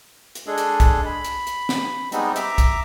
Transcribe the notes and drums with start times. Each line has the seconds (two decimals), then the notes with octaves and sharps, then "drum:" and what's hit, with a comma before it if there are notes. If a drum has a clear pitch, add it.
0.35 drum: hi-hat
0.47 G#3 D4 G#4 A4
0.58 drum: hi-hat
0.80 drum: kick, hi-hat
1.05 B5
1.24 drum: hi-hat
1.47 drum: hi-hat
1.69 drum: snare
2.12 G3 G#3 B3 C4 D#4, drum: hi-hat
2.36 E5 A#5 D6, drum: hi-hat
2.58 drum: kick, hi-hat